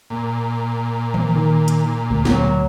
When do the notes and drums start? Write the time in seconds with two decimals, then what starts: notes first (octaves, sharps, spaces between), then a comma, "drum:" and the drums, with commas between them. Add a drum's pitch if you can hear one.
0.10 A#2
1.14 drum: tom D#3
1.36 D#3
1.68 drum: hi-hat
2.10 D2
2.25 D2 F#3, drum: snare